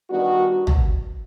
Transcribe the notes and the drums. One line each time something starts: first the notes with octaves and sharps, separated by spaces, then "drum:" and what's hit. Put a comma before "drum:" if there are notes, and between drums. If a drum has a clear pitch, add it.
D#3 G3 B3 D4 F#4
drum: tom